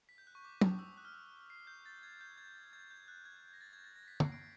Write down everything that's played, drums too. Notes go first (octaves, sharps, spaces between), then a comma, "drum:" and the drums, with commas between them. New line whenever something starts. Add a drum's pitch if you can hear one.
B6
G6
F#6
C#6
D6
D#6, drum: tom
E6
F#6
F6
F#6
C7
G6
A6
G#6
G6
G#6
A6
G#6
G6
F#6
G#6
A#6
A6
G#6
A6
A#6
B6
C7, drum: tom
C7 D7